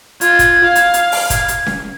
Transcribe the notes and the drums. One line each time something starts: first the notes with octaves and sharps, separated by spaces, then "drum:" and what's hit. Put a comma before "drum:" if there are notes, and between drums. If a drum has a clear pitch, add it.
F4 G#6, drum: hi-hat
drum: kick, hi-hat
F5
drum: hi-hat
drum: hi-hat
drum: open hi-hat
G#6, drum: kick, hi-hat
drum: hi-hat
drum: snare C#4